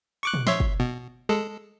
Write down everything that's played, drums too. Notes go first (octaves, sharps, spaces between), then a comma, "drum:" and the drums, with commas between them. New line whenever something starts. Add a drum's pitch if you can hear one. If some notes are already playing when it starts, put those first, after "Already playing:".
C#6 D6 F#6
drum: tom A#2
C#5 E5 C6, drum: snare
drum: kick
B2
G#3 A4